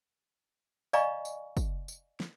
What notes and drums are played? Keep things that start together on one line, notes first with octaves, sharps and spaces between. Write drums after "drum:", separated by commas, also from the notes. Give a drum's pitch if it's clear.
D5 D#5 F5 G#5 A#5 C#6, drum: tambourine
drum: tambourine
drum: kick, tambourine
drum: tambourine
drum: snare